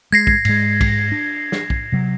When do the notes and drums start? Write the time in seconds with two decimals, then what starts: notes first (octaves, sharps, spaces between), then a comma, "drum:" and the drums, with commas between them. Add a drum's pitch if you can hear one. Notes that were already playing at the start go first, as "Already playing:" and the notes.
0.12 G#3 G#6 A#6 C7
0.27 drum: kick
0.45 G#2 G#3, drum: cymbal
0.81 drum: kick, cymbal
1.12 D4
1.52 drum: snare
1.70 drum: kick
1.92 C3 F#3